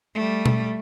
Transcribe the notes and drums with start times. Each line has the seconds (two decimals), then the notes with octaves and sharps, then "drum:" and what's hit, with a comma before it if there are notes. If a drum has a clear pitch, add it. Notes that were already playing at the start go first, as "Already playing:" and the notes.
0.15 G3 A3
0.46 drum: tom B2